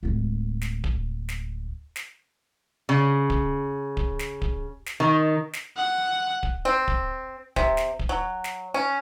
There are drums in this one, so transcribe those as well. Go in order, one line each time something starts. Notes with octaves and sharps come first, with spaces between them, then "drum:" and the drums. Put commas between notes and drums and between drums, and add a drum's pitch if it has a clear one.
D1 G#3
drum: snare
drum: kick D1
drum: snare
drum: snare
C#3
drum: kick D1
drum: kick D1
drum: snare
drum: kick D1
drum: snare
D#3
drum: snare
F#5
drum: kick D1
C4
drum: kick D1
C3, drum: kick D1
drum: snare
drum: kick D1
F#3
drum: snare
C#4